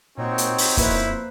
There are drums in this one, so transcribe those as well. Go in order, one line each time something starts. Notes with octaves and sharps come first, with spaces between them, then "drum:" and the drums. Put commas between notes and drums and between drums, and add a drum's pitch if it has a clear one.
A#2 C4 D#4 F#4 C#5
drum: hi-hat
drum: open hi-hat
F2 A#3 E4 B4 C5, drum: kick, hi-hat